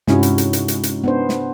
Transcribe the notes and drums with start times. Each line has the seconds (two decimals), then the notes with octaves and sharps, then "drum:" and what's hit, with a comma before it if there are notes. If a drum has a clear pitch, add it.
0.08 G2 C3 G#3 C#4 D#4 E4 F#4, drum: snare
0.23 drum: hi-hat
0.38 drum: hi-hat
0.53 drum: hi-hat
0.68 drum: hi-hat
0.83 drum: hi-hat
1.04 B3 D4 C5
1.29 drum: snare